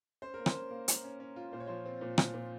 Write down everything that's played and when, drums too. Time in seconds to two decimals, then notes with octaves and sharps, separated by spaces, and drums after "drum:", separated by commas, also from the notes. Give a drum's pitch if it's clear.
0.22 C#4 C5
0.34 A#4
0.39 A#3
0.46 C5, drum: rim click
0.54 C#4
0.71 A#3
0.88 A#3, drum: hi-hat
1.04 C#4
1.20 C#4
1.36 F4
1.53 A#2 C5
1.60 C#5
1.67 F3 C5
1.85 C4
2.01 A#2
2.18 A#2, drum: rim click
2.34 A#2